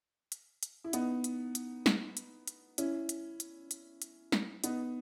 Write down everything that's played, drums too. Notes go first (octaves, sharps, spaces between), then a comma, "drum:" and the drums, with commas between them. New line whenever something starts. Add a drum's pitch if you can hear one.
drum: hi-hat
drum: hi-hat
E4
B3 D#4, drum: hi-hat
drum: hi-hat
drum: hi-hat
drum: snare
drum: hi-hat
drum: hi-hat
C#4 E4, drum: hi-hat
drum: hi-hat
drum: hi-hat
drum: hi-hat
drum: hi-hat
drum: snare
B3 D#4, drum: hi-hat